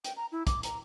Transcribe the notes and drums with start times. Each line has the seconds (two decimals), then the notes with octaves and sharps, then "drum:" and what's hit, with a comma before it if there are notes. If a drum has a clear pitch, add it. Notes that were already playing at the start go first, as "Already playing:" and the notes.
0.05 G5, drum: hi-hat
0.17 A#5
0.32 E4
0.47 D6, drum: kick, hi-hat
0.63 A#5, drum: hi-hat